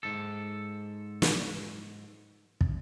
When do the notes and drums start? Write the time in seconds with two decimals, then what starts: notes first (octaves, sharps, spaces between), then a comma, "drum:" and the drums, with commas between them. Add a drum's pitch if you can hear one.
0.03 G#2 A4
1.22 drum: snare
2.61 drum: kick